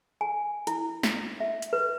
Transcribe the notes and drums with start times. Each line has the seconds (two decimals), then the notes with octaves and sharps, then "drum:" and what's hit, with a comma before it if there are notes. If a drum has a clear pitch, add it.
0.21 G#5
0.67 E4, drum: hi-hat
1.03 drum: snare
1.40 E5
1.62 drum: hi-hat
1.73 B4